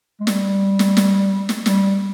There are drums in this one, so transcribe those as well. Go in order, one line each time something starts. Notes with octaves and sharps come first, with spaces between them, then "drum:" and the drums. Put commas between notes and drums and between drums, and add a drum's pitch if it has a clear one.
G#3
G3, drum: snare
drum: snare
drum: snare
drum: snare
G3, drum: snare